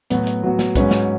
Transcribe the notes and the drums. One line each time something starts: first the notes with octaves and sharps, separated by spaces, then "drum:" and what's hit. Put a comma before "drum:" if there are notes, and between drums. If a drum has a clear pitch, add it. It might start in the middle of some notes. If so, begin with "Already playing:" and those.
A2 F#3 B3 F#4, drum: hi-hat
drum: hi-hat
A2 F#3 B3 F#4
drum: snare
G#2 F#3 C#4 G#4 B4, drum: kick, hi-hat
drum: snare